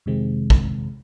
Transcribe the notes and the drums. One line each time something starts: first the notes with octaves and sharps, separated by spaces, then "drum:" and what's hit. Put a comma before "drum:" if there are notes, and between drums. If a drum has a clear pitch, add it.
F2 C3 D#3 G#3 C4
drum: kick